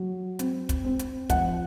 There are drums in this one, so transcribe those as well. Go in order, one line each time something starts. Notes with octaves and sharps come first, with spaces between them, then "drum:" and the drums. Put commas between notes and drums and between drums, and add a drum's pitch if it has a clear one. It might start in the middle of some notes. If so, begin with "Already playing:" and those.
Already playing: F#3
C4, drum: hi-hat
drum: kick, hi-hat
C4
drum: hi-hat
F3 F#5, drum: kick, hi-hat